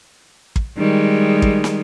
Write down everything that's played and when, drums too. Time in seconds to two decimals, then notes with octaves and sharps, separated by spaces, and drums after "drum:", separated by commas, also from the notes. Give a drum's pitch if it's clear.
0.56 drum: kick
0.77 D#3 G3 G#3
1.42 drum: kick
1.64 drum: snare